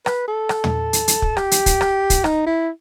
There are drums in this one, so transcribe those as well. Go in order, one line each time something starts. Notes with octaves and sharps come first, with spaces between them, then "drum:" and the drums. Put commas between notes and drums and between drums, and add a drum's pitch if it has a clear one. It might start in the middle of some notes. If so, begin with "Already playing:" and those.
B4, drum: rim click
A4
drum: rim click
drum: tom
drum: hi-hat
drum: hi-hat
drum: kick
G4, drum: rim click
drum: hi-hat
drum: kick, hi-hat
drum: rim click
drum: kick, hi-hat
D#4, drum: rim click
E4